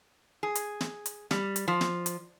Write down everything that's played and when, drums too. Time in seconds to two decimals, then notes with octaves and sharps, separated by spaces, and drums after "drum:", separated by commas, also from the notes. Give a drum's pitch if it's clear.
0.43 G#4
0.55 drum: hi-hat
0.81 drum: snare
1.06 drum: hi-hat
1.31 G3, drum: snare
1.56 drum: hi-hat
1.68 F3
1.81 drum: snare
2.06 drum: hi-hat